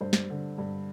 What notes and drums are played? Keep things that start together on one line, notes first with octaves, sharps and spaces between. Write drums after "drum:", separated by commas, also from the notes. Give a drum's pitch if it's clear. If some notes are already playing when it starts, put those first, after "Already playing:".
G2 C5
drum: snare
D3
G2